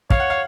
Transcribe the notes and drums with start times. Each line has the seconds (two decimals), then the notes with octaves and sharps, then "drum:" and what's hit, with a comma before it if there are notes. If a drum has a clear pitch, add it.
0.10 C#5 F5, drum: kick
0.20 F#5
0.30 F5